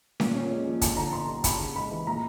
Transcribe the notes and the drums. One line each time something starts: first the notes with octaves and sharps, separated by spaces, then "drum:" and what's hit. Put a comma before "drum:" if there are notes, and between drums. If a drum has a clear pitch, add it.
A#2, drum: snare C#4
C#4
G#3
F3
D3 A5, drum: kick, hi-hat
D3 A#5
B3 C6
G3
C#3 B5, drum: kick, hi-hat
C#3
G#3 B5
E3
A#2 A#5